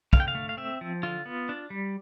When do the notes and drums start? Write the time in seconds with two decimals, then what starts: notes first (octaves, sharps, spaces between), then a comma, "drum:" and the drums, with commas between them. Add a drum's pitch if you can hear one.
0.13 D3 F5, drum: kick
0.20 G5
0.28 F5
0.35 A3
0.49 F5
0.57 C4 E5
0.81 F3
1.03 D3 F4
1.26 B3
1.49 D4
1.70 G3